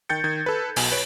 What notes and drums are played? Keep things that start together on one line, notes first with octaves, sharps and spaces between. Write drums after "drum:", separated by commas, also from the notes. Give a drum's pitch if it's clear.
D#3 G5 G6 A6 C#7
D#3 G#6
A4 B4
B1 B2 G#5, drum: open hi-hat
B4 C#5 D7